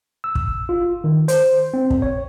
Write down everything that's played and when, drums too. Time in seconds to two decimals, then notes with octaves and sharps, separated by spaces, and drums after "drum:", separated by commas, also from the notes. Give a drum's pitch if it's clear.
0.24 E6
0.35 drum: kick
0.69 F4
1.04 D#3
1.28 C5, drum: hi-hat
1.74 C4
1.90 drum: kick
2.02 C#5